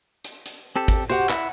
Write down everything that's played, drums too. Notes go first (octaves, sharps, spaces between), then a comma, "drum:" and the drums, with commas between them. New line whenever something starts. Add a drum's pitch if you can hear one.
drum: hi-hat
drum: hi-hat
C4 G4 A4
drum: kick, hi-hat
F#4 G4 C5 F#5, drum: hi-hat
E4 F#5, drum: clap